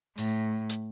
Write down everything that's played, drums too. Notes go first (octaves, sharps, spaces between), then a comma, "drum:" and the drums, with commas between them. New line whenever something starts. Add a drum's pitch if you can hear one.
A2, drum: open hi-hat
drum: hi-hat